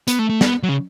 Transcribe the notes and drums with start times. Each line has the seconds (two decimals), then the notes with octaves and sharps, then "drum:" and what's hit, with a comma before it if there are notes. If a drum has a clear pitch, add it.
0.08 B3, drum: hi-hat
0.19 A3
0.30 A3
0.41 B3, drum: snare
0.63 F#3
0.69 C#3